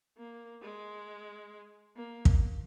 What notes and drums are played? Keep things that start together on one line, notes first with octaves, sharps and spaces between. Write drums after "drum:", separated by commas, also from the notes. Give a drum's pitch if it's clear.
A#3
G#3
A#3
drum: kick